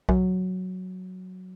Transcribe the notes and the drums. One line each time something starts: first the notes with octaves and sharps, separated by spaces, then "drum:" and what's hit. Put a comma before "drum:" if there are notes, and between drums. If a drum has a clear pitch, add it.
F#3, drum: kick B1